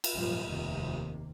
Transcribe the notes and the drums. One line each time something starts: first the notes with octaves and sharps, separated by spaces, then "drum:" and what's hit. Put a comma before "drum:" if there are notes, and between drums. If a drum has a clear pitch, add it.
drum: cymbal
G#1 F#2 A#2 F3 G3 G#3
F1 D#2 C3 D#3 A#3